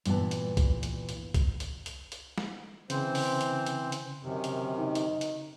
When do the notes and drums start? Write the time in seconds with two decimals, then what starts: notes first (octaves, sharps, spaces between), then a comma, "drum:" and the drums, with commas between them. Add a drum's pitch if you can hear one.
0.06 G2 A#2 E3 B3 A5, drum: hi-hat
0.31 drum: hi-hat
0.57 drum: kick C2, hi-hat
0.83 drum: hi-hat
1.09 drum: hi-hat
1.34 drum: kick C2, hi-hat
1.60 drum: hi-hat
1.86 drum: hi-hat
2.12 drum: hi-hat
2.38 drum: snare
2.90 C#3 E3 C4 C5, drum: hi-hat
3.15 drum: open hi-hat
3.41 drum: hi-hat
3.66 drum: hi-hat
3.92 drum: hi-hat
4.22 F#2 C3 D#3
4.44 drum: hi-hat
4.79 D#4
4.95 drum: hi-hat
5.21 drum: hi-hat